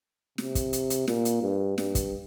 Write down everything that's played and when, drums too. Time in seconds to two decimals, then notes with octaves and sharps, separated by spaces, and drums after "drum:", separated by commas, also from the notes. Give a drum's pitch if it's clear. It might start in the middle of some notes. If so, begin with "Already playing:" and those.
0.38 C3, drum: snare
0.55 drum: kick, hi-hat
0.73 drum: hi-hat
0.90 drum: hi-hat
1.08 A#2, drum: snare
1.25 drum: hi-hat
1.42 G2
1.78 G2, drum: snare
1.95 drum: kick, hi-hat